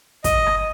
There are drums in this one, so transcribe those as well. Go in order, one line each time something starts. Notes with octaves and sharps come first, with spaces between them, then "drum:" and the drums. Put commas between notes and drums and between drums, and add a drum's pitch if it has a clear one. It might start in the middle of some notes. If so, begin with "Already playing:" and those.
D#5, drum: kick, hi-hat
drum: rim click